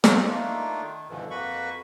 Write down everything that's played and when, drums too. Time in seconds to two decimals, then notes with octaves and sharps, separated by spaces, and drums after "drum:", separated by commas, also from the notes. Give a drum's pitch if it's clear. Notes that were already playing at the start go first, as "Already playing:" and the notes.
0.04 F4 G4 A4 D#5 F#5 G5, drum: snare
0.27 A3 A#3 D4 D#4 F4
0.82 D#3
1.09 G2 B2 D3 E3 F3
1.30 F2 A#3 F#4 B4 B5 C#6